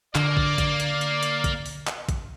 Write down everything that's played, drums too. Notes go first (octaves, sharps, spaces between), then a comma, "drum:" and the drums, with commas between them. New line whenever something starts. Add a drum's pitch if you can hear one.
D3 A#3 D5, drum: clap
drum: kick
drum: kick, hi-hat
drum: hi-hat
drum: hi-hat
drum: hi-hat
drum: kick, hi-hat
drum: open hi-hat
drum: clap
drum: kick, hi-hat